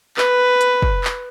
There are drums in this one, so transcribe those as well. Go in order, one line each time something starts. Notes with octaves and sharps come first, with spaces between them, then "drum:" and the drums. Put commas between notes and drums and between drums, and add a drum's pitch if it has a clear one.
B4, drum: clap
drum: hi-hat
drum: kick
drum: clap